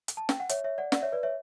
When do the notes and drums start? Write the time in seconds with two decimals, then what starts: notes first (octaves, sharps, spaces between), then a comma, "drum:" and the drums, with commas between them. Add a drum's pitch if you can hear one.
0.08 drum: hi-hat
0.17 A5
0.29 G5, drum: snare
0.40 F#5
0.49 C#5 E5, drum: hi-hat
0.64 C#5 E5
0.78 D5 F#5
0.92 D5 F#5, drum: snare
1.02 C#5 E5
1.12 B4 D5
1.23 C#5 E5